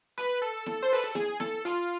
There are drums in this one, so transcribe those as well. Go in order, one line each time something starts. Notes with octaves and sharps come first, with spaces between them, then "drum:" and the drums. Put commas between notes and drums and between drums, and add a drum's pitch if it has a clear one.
B4, drum: hi-hat
A4
drum: snare E4
C5
B4, drum: open hi-hat
A4
G#4, drum: snare E4
A4, drum: snare E4
F4, drum: hi-hat